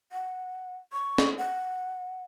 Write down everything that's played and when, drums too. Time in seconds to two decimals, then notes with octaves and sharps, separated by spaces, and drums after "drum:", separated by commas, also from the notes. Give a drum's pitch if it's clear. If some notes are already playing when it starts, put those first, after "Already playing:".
0.12 F#5
0.93 C#6
1.18 drum: snare
1.38 F#5